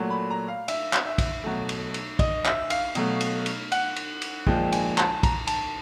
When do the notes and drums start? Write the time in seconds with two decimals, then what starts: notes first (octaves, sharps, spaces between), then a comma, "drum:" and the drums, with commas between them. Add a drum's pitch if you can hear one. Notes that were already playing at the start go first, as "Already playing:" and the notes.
Already playing: A#2 F#3 A3
0.10 B5
0.31 A#5
0.48 F5
0.68 E5, drum: cymbal
0.93 drum: clap
1.06 E5
1.18 drum: kick, cymbal
1.44 B2 F#3 A3
1.69 drum: cymbal
1.94 drum: cymbal
2.19 D#5, drum: kick, cymbal
2.45 E5, drum: clap
2.70 F5, drum: cymbal
2.95 B2 F#3 A3, drum: cymbal
3.21 drum: cymbal
3.46 drum: cymbal
3.72 F#5, drum: cymbal
3.96 drum: cymbal
4.22 drum: cymbal
4.47 A#2 F3 G#3 G5, drum: kick
4.72 G#5, drum: cymbal
4.98 A5, drum: clap
5.23 A#5, drum: kick, cymbal
5.47 A5, drum: cymbal